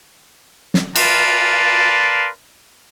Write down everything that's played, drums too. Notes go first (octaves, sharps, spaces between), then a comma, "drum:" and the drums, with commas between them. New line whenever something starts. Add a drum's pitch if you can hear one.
drum: snare
A#4 B4 D5 F5 A5 C6, drum: cymbal